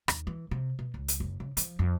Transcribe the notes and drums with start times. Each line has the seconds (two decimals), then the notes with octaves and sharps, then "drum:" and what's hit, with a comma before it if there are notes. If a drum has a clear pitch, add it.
0.08 D#2, drum: rim click
0.27 E3
0.51 C3
0.79 B2
0.94 C#2
1.08 drum: hi-hat
1.20 F#1
1.40 C#3
1.57 F3, drum: hi-hat
1.79 F2